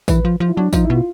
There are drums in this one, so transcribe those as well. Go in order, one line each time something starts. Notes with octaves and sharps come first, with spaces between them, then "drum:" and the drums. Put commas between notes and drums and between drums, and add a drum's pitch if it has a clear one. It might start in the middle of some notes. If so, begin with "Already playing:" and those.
E3 B4, drum: kick A1, tambourine
F3
F3 F4
E4
F#3 D4
F3 D#4, drum: kick A1, tambourine
E4
B2 F4